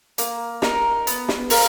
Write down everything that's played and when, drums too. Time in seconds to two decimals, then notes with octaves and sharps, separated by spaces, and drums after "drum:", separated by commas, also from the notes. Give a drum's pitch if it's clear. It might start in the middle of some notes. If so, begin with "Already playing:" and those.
0.18 A#3, drum: hi-hat
0.62 D#4 A#4, drum: snare
1.07 B3, drum: hi-hat
1.28 drum: snare
1.50 F4 A#4 F5, drum: open hi-hat